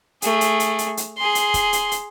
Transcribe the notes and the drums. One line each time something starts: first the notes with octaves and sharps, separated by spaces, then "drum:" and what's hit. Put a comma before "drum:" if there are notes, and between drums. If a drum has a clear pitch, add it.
A3 G#4, drum: hi-hat
drum: hi-hat
drum: hi-hat
drum: hi-hat
drum: hi-hat
G#4 C6
drum: hi-hat
drum: kick, hi-hat
drum: hi-hat
drum: hi-hat